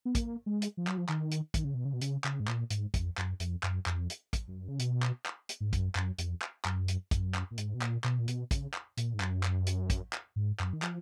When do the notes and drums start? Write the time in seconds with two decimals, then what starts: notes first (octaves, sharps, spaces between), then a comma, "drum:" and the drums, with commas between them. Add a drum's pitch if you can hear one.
0.05 B3
0.15 A#3, drum: kick, hi-hat
0.46 G#3
0.62 drum: hi-hat
0.77 F3
0.87 F#3, drum: clap
0.98 F3
1.09 D#3, drum: clap
1.31 drum: hi-hat
1.54 D#3, drum: kick, hi-hat
1.64 C#3
1.74 B2
1.85 C#3
1.94 B2
2.01 C#3, drum: hi-hat
2.24 C#3, drum: clap
2.40 G#2
2.48 A#2, drum: clap
2.70 G#2, drum: hi-hat
2.94 F2, drum: kick, hi-hat
3.18 F#2, drum: clap
3.40 F2, drum: hi-hat
3.63 F#2, drum: clap
3.86 F2, drum: clap
4.10 drum: hi-hat
4.33 drum: kick, hi-hat
4.48 F#2
4.68 C#3
4.79 B2, drum: hi-hat
5.03 drum: clap
5.26 drum: clap
5.49 drum: hi-hat
5.61 G#2
5.73 F#2, drum: kick, hi-hat
5.95 F#2, drum: clap
6.18 F2, drum: hi-hat
6.42 drum: clap
6.65 F#2, drum: clap
6.88 drum: hi-hat
7.11 F#2, drum: kick, hi-hat
7.35 drum: clap
7.51 A#2
7.58 G#2, drum: hi-hat
7.74 B2
7.81 A#2, drum: clap
8.04 B2, drum: clap
8.19 A#2
8.28 B2, drum: hi-hat
8.51 C#3, drum: kick, hi-hat
8.74 drum: clap
8.97 A#2, drum: hi-hat
9.14 G#2
9.20 F#2, drum: clap
9.43 drum: clap
9.67 drum: hi-hat
9.90 drum: kick, hi-hat
10.13 drum: clap
10.36 G#2
10.60 F#2, drum: clap
10.73 D#3
10.82 F3, drum: clap